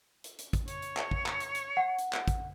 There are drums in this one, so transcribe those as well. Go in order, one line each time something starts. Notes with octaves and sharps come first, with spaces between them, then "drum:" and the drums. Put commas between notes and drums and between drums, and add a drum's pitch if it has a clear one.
drum: hi-hat
drum: hi-hat
drum: kick, hi-hat
C#5, drum: hi-hat
drum: hi-hat
drum: clap
drum: kick
drum: clap
drum: hi-hat
drum: hi-hat
F#5
drum: hi-hat
drum: clap
drum: kick, hi-hat